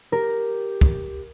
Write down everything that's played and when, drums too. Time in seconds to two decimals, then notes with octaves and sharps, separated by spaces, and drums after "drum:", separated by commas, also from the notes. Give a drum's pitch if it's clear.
0.12 G4 A#4
0.81 drum: kick